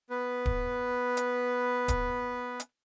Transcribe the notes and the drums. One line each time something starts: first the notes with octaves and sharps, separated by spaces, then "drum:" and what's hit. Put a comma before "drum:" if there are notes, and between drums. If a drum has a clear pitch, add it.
B3 B4
drum: kick D1
drum: hi-hat
drum: kick D1, hi-hat
drum: hi-hat